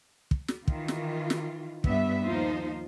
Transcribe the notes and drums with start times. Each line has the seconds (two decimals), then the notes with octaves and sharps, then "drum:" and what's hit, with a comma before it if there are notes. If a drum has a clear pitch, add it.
0.31 drum: kick
0.48 drum: snare
0.68 D#3 E3 F4, drum: kick
0.88 drum: snare
1.30 drum: snare
1.84 G2 B3 E5, drum: kick
2.25 D#2 F3 D#4 F4 C5